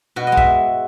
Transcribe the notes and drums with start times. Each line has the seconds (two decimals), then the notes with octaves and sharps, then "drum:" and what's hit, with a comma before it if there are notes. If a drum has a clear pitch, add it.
0.16 B2 F#4
0.27 D#5
0.32 G#3
0.37 E5, drum: kick A#1